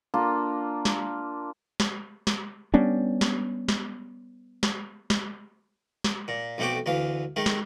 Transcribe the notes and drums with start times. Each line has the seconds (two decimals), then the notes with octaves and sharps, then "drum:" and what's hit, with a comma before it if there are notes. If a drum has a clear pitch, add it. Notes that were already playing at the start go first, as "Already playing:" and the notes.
0.14 A#3 D4 F4
0.85 drum: snare
1.80 drum: snare
2.27 drum: snare
2.74 G3 B3 C#4 D4
3.21 drum: snare
3.68 drum: snare
4.63 drum: snare
5.10 drum: snare
6.04 drum: snare
6.28 A#2
6.58 B1 F2 A3 F#4 G5 D6
6.86 D2 E3 F5
7.36 D#3 G#3 A3
7.46 drum: snare